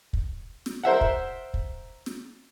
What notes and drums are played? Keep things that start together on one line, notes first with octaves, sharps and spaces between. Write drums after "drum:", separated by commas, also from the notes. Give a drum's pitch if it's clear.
drum: kick
drum: snare
A#4 C5 E5 F#5
drum: kick
drum: kick
drum: snare